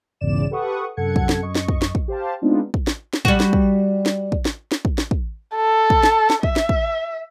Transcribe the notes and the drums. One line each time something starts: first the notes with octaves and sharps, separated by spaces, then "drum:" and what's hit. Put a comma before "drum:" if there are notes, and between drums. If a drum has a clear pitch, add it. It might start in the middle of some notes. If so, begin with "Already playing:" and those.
B1 E2 G#2 C#3 D5 E7
G4 A4 B4 F#5 C#6 D#6
F#2 C3 A4 F#5 G#6 C#7
drum: kick
drum: snare
F#2 D#5 C#6
drum: snare
drum: kick
drum: snare
drum: kick
G4 C5 F5 A5
G#3 B3 C4 D4 D#4 F4
drum: kick
drum: snare
drum: snare
G3 F#4, drum: kick
drum: snare
drum: kick
drum: snare
drum: kick
drum: snare
drum: snare
drum: kick
drum: snare
drum: kick
A4
drum: kick
drum: snare
drum: snare
E5, drum: kick
drum: snare
drum: kick